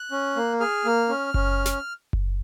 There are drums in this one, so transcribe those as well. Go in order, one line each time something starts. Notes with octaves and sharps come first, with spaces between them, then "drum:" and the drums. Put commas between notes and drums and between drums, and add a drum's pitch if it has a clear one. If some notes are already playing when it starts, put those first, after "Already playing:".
Already playing: F#6
C#4
A#3
G#4 F6
A#3
C#4
C#4, drum: kick F#1
drum: snare
drum: kick F#1